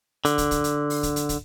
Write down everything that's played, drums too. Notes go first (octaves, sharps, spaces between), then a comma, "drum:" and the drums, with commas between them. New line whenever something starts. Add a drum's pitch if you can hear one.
D3, drum: hi-hat
drum: kick, hi-hat
drum: kick, hi-hat
drum: hi-hat
drum: open hi-hat
drum: kick, hi-hat
drum: hi-hat
drum: kick, hi-hat